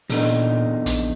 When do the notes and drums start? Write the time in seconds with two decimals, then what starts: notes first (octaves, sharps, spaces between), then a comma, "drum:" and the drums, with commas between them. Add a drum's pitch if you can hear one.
0.10 E2 A#2 D3 D#4, drum: open hi-hat
0.86 A#1, drum: hi-hat